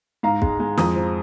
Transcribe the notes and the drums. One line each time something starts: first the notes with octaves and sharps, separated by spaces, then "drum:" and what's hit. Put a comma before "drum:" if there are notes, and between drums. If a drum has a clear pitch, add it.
G#2 F5 A#5
G#3, drum: kick
G#3
F2 A#5 D#6, drum: snare
F3